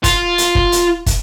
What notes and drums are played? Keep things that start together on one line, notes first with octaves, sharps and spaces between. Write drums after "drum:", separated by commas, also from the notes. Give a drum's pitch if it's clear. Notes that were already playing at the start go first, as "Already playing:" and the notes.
F4, drum: kick, hi-hat
drum: hi-hat
drum: kick
drum: hi-hat
drum: kick, hi-hat